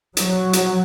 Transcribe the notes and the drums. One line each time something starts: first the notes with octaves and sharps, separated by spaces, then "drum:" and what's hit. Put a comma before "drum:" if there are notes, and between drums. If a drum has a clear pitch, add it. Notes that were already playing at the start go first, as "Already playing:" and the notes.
F#3, drum: hi-hat
drum: hi-hat